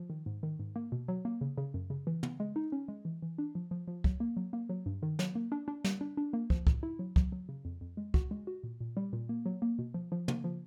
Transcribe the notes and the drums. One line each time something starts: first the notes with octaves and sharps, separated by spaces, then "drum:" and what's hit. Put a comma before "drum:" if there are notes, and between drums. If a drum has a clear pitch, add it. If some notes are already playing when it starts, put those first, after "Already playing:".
Already playing: F3
D#3
G#2
D#3
G#2
A#3
B2
F#3
A#3
C#3
C#3
F#2
C#3
E3
B3, drum: tom
G#3
D#4
C#4
G#3
E3
E3
D4
F3
F3
F3
F#3, drum: kick
A#3
F#3
A#3
F#3
G2
D#3
F#3, drum: snare
A#3
D4
D4
G3, drum: snare
D4
D4
A#3
F3, drum: kick
A2, drum: kick
E4
F#3
F#3, drum: kick
F#3
C#3
F2
F2
G#3
F#4, drum: kick
G#3
F#4
A#2
A#2
G3
A#2
A#3
F#3
A#3
B2
F3
F3
A#3, drum: tom
F3